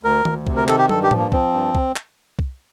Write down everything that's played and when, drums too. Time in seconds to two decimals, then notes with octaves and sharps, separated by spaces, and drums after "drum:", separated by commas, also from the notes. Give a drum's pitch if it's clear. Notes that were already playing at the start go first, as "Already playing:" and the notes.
0.03 D2 A#4
0.25 D2, drum: tom D#3
0.47 C3, drum: kick
0.57 A#4
0.68 D#3 A4, drum: clap
0.78 G4
0.89 G2 A4, drum: tom
1.03 G4
1.11 F3, drum: tom A2
1.18 A#3
1.32 F3 C4, drum: kick
1.53 G2
1.75 drum: kick
1.96 drum: clap
2.39 drum: kick